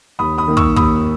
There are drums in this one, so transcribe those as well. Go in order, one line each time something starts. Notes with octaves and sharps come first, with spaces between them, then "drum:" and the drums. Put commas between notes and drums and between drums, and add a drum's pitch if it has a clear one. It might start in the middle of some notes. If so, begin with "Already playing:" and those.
D#2 B5 D#6
B5 D#6
D#3 A#3
C#6 E6, drum: kick
D#2 B5 D#6, drum: kick